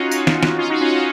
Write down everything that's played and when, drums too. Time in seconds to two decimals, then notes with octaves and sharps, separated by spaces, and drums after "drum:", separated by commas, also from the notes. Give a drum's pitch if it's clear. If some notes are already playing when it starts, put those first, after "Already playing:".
Already playing: C#4 D#4 F4 F#4
0.11 D#4 F#4, drum: tambourine
0.27 drum: snare
0.43 drum: snare
0.58 C#4 F4
0.70 D#4 F#4
0.81 C#4 F4
0.92 C#4 F4